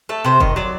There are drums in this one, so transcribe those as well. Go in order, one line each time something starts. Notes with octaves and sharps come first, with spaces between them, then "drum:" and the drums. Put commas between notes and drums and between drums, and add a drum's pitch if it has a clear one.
A3 A4
C3 C5
D#3 D#5, drum: kick F1
F#3 D5